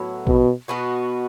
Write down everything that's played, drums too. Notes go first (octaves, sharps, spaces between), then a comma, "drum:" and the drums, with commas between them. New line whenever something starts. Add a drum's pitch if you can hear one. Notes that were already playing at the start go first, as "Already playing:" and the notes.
Already playing: A2 F#3 B3 E4
B2, drum: kick
B2 B3 F#4